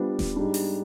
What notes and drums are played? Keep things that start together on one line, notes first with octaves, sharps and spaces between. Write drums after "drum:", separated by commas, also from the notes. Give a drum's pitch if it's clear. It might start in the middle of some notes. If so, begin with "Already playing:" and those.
Already playing: G3 B3 D4 F4 C5
drum: snare D#1
G#2 G3 D4
drum: open hi-hat